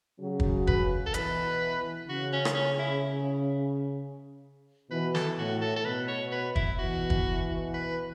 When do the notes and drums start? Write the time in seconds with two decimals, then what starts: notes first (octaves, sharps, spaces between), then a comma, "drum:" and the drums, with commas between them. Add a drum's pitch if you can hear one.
0.20 C#3 F#3
0.40 drum: kick
0.67 B4, drum: kick
1.06 A4
1.14 B2 E3 B4, drum: hi-hat
2.08 C#3 F#4
2.33 C#4
2.45 drum: rim click
2.55 C#4
2.79 E4
4.91 B2 E3 B4
5.15 A4, drum: snare
5.38 A2 F#4
5.62 A4
5.76 A4
5.85 B2 B4
6.08 C#5
6.32 B4
6.56 E4, drum: kick
6.79 B2 E3 F#4
7.10 drum: kick
7.74 B4